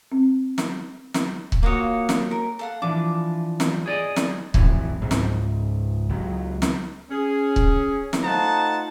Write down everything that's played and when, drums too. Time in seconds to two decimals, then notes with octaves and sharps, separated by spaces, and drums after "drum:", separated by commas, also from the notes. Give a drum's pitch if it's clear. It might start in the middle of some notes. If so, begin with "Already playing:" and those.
0.12 C4
0.58 drum: snare
1.14 drum: snare
1.52 drum: kick C#1
1.63 A#3 F4 F#4 C#5 F5 D#6
2.09 drum: snare
2.31 A#4
2.59 A4 F5 F#5
2.82 E3 F3 D4 D6
3.60 drum: snare
3.86 G#4 D5 D#5
4.16 drum: snare
4.54 B1 F2 A2 E3, drum: kick C#1
5.02 C#2 G#2
5.11 drum: snare
6.09 C#2 F#3
6.62 drum: snare
7.10 C#4 G#4
7.56 drum: kick C#1
8.13 drum: snare
8.22 A3 D#4 F4 C5 F#5 A5